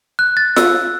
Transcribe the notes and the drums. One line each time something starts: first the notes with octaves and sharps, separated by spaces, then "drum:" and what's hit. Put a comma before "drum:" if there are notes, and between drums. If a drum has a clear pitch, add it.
F#6
A6
E6, drum: snare F4